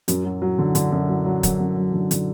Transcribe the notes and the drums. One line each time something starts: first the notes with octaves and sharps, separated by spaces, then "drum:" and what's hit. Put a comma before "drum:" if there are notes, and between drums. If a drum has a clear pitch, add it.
F#2, drum: hi-hat
F#3
F#3
D3
D3, drum: hi-hat
F#2
F#3
F#3
F#2, drum: kick, hi-hat
F#2
F#3
D3
D3, drum: hi-hat